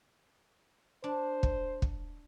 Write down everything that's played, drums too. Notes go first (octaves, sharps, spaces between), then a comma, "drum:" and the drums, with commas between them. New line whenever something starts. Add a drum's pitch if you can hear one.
D4 C5
drum: kick
drum: kick